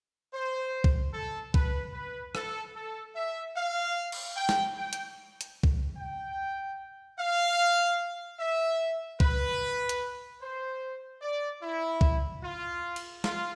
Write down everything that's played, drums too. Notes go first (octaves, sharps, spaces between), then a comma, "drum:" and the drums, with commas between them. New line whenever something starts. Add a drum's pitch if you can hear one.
C5
drum: kick
A4
B4, drum: kick
B4
A4, drum: rim click
A4
E5
F5
drum: cymbal
G5
drum: snare
G5
drum: hi-hat
drum: hi-hat
drum: kick
G5
F5
E5
B4, drum: kick
drum: hi-hat
C5
D5
E4
drum: kick
F4
drum: cymbal
F4, drum: snare